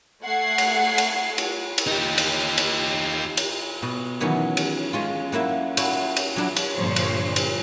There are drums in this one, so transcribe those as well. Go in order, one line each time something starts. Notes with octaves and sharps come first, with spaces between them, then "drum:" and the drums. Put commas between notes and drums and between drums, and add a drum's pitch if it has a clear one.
A3 F#5 G#6 C7
drum: cymbal
drum: cymbal
drum: cymbal
drum: cymbal
D#4 G4
drum: cymbal
drum: cymbal
drum: cymbal
B2
D#3 E3 F#3 B3 C#4
drum: cymbal
G#3 C#4 F4
F#3 A#3 E4 E5
E4 F#4, drum: cymbal
drum: cymbal
F#3 D4 E4
drum: cymbal
G2 A#2 D3 F3 C5 C#5
drum: cymbal
drum: cymbal